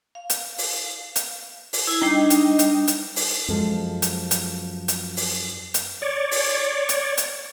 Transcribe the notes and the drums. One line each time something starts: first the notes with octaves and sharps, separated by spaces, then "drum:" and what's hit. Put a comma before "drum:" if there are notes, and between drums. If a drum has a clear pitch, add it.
F5
drum: hi-hat
drum: open hi-hat
drum: hi-hat
drum: open hi-hat
E4 G#6
G3 D4 D#4 G5
drum: hi-hat
drum: hi-hat
drum: hi-hat
drum: open hi-hat
F#2 F3 G#3 A4
drum: hi-hat
drum: hi-hat
drum: hi-hat
drum: open hi-hat
drum: hi-hat
C#5 D5
drum: open hi-hat
drum: hi-hat
drum: hi-hat